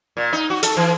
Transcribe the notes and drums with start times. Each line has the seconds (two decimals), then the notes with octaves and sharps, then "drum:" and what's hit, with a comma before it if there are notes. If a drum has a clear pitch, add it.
0.17 A#2
0.33 D#4
0.50 F#4
0.63 A4, drum: hi-hat
0.77 E3